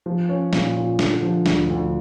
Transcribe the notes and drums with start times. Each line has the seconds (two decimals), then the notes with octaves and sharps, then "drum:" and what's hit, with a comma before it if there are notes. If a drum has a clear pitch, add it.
0.06 F3
0.29 C#4
0.53 A#2, drum: snare
0.76 F4
0.99 D3, drum: snare
1.22 F3
1.46 D2, drum: snare
1.69 D2